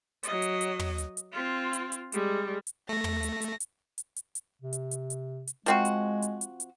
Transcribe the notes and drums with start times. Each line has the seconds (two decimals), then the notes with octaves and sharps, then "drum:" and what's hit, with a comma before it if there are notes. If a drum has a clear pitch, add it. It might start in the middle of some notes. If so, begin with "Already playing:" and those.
0.23 F#3 D#5, drum: hi-hat
0.42 drum: hi-hat
0.61 drum: hi-hat
0.79 drum: tom
0.98 drum: hi-hat
1.17 drum: hi-hat
1.33 C4 F4
1.73 drum: hi-hat
1.92 drum: hi-hat
2.12 G3 G#3, drum: hi-hat
2.67 drum: hi-hat
2.89 A3 A#6
3.04 drum: tom
3.23 drum: hi-hat
3.42 drum: hi-hat
3.60 drum: hi-hat
3.98 drum: hi-hat
4.16 drum: hi-hat
4.35 drum: hi-hat
4.62 C3
4.73 drum: hi-hat
4.91 drum: hi-hat
5.10 drum: hi-hat
5.47 drum: hi-hat
5.66 F3 G#3 C4 F#4, drum: hi-hat
5.85 drum: hi-hat
6.22 drum: hi-hat
6.41 drum: hi-hat
6.60 drum: hi-hat